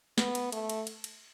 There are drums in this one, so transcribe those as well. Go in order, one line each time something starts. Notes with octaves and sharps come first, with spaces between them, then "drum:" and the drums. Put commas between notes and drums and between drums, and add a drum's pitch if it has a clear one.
B3, drum: snare
drum: cymbal
A3, drum: cymbal
drum: cymbal
drum: cymbal
drum: cymbal